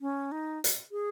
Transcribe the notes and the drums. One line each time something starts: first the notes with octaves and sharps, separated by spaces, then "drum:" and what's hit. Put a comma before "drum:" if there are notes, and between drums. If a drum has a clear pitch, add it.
C#4
D#4
drum: hi-hat
G#4